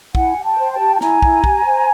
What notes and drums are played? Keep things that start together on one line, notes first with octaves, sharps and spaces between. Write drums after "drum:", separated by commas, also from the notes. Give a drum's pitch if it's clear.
E4 F#5 G#5, drum: kick
G4
G5 A5
C5
G5 A5
G4
A5
E4 G#5 A#5, drum: snare
E4, drum: kick
G4, drum: kick
C5